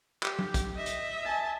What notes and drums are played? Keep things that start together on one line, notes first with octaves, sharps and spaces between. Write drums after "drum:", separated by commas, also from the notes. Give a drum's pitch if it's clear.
G4, drum: clap
drum: tom
drum: kick, hi-hat
D#5 E5
drum: hi-hat
G#5 A5